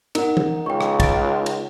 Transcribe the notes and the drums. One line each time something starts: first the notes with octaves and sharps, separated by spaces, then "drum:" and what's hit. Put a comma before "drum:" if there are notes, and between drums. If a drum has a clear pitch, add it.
D#4 A#4 F#5, drum: cymbal
drum: tom
C#2 G5 C#6
drum: rim click
A6 D7, drum: kick, cymbal
drum: cymbal